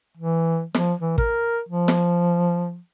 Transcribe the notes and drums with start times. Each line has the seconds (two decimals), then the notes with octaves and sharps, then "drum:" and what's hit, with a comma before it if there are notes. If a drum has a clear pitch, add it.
0.18 E3
0.75 F3, drum: snare
1.00 E3
1.18 A#4, drum: kick
1.69 F3
1.88 drum: snare